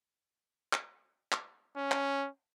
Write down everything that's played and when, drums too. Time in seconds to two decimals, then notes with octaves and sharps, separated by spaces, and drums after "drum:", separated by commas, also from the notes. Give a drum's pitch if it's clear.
0.73 drum: clap
1.32 drum: clap
1.77 C#4
1.91 drum: clap